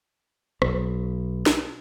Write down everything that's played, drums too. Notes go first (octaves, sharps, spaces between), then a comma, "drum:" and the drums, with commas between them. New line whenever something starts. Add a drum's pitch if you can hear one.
B1, drum: rim click
drum: snare